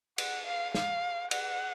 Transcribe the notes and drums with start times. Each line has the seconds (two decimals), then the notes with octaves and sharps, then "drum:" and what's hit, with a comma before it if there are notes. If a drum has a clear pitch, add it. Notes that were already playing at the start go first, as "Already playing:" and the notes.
0.18 F#5, drum: cymbal
0.46 F5
0.75 F5, drum: snare
1.31 F#5, drum: cymbal